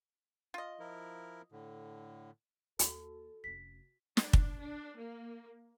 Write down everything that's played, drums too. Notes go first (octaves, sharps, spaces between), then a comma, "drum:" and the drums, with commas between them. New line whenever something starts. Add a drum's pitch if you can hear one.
F4 D#5
F3 E4 A#4
A2 D3
D#2 F#4 A4, drum: hi-hat
F1 C#4 B6
D4, drum: snare
drum: kick
D4
A#3